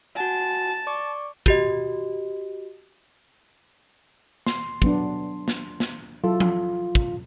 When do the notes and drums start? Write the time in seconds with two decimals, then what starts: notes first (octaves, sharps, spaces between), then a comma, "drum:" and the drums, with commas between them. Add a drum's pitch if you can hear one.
0.17 F#4 F#5 G#5 A5
0.87 D5 C#6 D6
1.46 F#4 G4 D#5, drum: kick
4.47 C6, drum: snare
4.82 F#3 B3 D4, drum: kick
5.48 drum: snare
5.80 drum: snare
6.24 F#3 E4 F4 A4
6.40 drum: tom F3
6.95 drum: kick